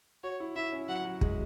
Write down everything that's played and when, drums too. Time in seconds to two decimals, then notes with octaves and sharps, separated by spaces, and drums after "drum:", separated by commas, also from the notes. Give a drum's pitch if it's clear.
0.23 F#4 C#5
0.40 E4
0.56 E4 E5
0.72 C#4
0.88 F#3 F#5
1.05 F#3
1.21 G#3, drum: kick